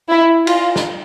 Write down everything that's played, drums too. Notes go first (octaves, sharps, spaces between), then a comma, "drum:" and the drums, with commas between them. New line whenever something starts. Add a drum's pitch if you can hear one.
E4
F4, drum: cymbal
drum: snare